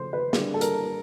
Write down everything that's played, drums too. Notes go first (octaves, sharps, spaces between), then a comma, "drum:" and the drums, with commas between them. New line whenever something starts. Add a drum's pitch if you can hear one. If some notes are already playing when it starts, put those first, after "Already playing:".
Already playing: C#3 F3 A3 C5
B4
D3 G3 A#3 G#4, drum: snare
A4
A#4, drum: hi-hat